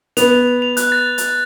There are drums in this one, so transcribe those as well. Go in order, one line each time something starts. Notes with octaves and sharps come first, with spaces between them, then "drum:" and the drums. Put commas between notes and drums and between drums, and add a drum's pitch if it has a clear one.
B3 F7, drum: hi-hat
F7
F7
F7
F#6, drum: hi-hat
A6
drum: hi-hat